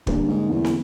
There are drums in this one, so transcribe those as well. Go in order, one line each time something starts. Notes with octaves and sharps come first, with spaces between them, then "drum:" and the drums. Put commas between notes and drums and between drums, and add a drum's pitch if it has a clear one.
G2 D3 G3 A#3 C#4, drum: kick
G#2
E2
drum: snare